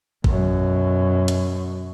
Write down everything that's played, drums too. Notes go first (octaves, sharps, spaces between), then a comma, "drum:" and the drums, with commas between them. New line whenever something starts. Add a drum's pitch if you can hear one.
F#2 B2, drum: kick A1
drum: hi-hat